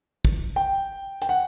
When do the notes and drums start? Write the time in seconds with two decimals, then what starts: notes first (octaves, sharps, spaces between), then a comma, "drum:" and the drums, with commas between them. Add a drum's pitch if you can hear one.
0.25 drum: kick
0.56 G5
1.22 G5, drum: hi-hat
1.29 F#5